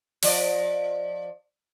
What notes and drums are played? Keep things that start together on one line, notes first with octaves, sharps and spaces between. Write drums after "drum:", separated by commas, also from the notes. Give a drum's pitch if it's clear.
F3 D5 D#5, drum: open hi-hat